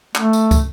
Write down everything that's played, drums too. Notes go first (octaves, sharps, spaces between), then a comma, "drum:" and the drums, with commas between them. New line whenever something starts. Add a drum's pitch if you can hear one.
A3, drum: clap
drum: tambourine
drum: kick, tambourine